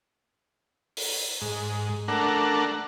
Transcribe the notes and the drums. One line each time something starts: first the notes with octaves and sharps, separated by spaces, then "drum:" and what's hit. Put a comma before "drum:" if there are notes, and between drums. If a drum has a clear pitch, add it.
drum: open hi-hat
G#2
A3 D4 A#4 F#5